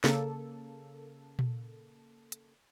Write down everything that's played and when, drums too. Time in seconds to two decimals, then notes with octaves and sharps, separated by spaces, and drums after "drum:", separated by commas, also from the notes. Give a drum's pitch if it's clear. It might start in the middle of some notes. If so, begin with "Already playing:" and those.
0.04 C#3 A#3 A4, drum: snare
1.39 drum: tom A#2
2.32 drum: hi-hat